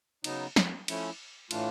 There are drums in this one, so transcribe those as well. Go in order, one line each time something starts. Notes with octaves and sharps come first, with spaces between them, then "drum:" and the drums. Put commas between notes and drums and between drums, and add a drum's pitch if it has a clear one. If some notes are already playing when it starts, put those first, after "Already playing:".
C#3 F#3 B3 D#4, drum: cymbal
drum: snare
F3 A3 C#4 E4, drum: cymbal
A2 E3 A3 D4 F4, drum: cymbal